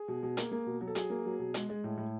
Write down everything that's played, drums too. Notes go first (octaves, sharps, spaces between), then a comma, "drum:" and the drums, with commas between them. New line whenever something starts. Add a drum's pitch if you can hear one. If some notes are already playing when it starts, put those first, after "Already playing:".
Already playing: G#4
B2
B2
A#3, drum: hi-hat
A#3
B2
F#3
A4
F#3 G#4, drum: hi-hat
A#3
F#3
B2
G#3, drum: hi-hat
G#3
A2
A2